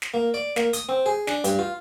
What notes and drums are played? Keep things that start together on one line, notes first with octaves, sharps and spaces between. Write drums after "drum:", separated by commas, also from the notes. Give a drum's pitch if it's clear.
drum: snare
A#3
D5
A#3, drum: snare
D#6, drum: hi-hat
C4
G#4
D4, drum: snare
G2, drum: hi-hat
F4